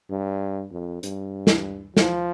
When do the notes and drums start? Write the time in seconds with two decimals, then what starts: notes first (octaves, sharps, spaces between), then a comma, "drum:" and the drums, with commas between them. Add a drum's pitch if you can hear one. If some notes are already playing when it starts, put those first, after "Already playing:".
0.10 G2
0.72 F2
1.03 G2, drum: hi-hat
1.47 drum: snare
1.97 F3, drum: snare